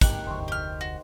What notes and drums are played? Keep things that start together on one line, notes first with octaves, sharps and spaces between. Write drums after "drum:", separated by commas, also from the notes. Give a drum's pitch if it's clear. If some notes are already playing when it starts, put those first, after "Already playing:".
D#3 G4 D6 F#6, drum: kick, hi-hat
F1 D2 C5 C#6
G4 F6
F#4